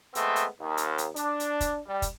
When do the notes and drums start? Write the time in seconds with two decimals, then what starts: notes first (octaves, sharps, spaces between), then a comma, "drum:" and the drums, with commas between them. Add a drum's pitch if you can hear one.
0.15 G#3 A3 B3 C4, drum: hi-hat
0.36 drum: hi-hat
0.60 D#2
0.77 drum: hi-hat
0.98 drum: hi-hat
1.16 D4, drum: hi-hat
1.40 drum: hi-hat
1.60 drum: kick, hi-hat
1.87 G3
2.02 drum: kick, hi-hat